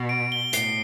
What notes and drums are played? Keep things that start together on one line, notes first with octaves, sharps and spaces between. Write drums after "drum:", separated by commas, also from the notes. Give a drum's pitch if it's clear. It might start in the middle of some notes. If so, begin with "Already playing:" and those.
Already playing: B2
D7
G7
A2 C7, drum: hi-hat